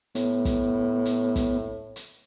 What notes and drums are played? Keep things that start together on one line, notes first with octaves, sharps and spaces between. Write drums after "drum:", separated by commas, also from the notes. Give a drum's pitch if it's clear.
A2 B3, drum: hi-hat
drum: kick, hi-hat
drum: hi-hat
drum: kick, hi-hat
drum: hi-hat